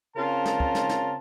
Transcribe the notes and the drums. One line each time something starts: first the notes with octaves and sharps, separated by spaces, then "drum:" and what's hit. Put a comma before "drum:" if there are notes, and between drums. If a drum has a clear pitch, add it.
C#3 C4 F4 A#4 A5
drum: snare
drum: kick
drum: snare
drum: snare